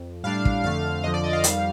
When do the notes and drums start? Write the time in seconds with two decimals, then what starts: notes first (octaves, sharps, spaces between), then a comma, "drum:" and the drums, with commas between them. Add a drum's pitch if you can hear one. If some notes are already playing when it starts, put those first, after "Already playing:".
Already playing: F2
0.23 A2 G3 D4 F5
0.45 drum: kick
0.63 F2 D3 A3 F5
1.04 F2 D3 F3 D#5
1.14 D5
1.24 D#5
1.33 F5
1.44 F2 D#3 G3, drum: hi-hat